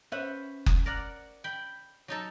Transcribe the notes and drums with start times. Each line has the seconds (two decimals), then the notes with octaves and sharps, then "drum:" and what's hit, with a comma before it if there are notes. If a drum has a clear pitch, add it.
0.12 C#4 B4 C5 E5 F#5
0.66 drum: kick F#1
0.86 A#4 D5 F#5
1.44 G5 B5
2.08 F#3 D#4 A4